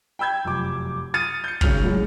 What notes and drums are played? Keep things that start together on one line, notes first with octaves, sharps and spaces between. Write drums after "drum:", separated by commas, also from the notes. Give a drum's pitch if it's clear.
G5 B5 E6 G6 G#6
F1 F#2 D6
D#6 F6 A6 C#7 D#7
G6 C#7
G#1 C#3 F6 F7, drum: kick
F#2 A2 F#3 G#3